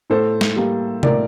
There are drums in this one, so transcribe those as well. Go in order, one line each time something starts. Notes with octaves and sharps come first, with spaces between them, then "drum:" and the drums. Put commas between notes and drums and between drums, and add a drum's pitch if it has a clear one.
A2 A4 C5
drum: snare
G3 A#3
A2 A#4 D5, drum: tom C3